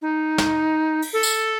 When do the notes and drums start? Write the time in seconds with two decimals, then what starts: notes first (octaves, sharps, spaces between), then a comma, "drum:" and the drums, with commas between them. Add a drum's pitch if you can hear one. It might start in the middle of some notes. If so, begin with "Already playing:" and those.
0.02 D#4
0.38 drum: snare
1.02 drum: open hi-hat
1.13 A4
1.23 drum: tambourine